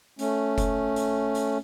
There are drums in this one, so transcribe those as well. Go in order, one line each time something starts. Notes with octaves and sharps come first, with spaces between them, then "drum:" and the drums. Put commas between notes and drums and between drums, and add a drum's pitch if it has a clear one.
A3 C#4, drum: hi-hat
drum: kick F#1, hi-hat
drum: hi-hat
drum: hi-hat